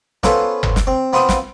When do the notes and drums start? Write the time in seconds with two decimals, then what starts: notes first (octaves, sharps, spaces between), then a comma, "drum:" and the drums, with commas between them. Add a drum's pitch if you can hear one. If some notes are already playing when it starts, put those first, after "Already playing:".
0.23 B3 C#4 F4 A4 B4 C5, drum: snare
0.63 drum: tom G1
0.76 drum: snare
0.87 C4
1.13 B3 C4 F4 C5 B5 D#6
1.29 drum: snare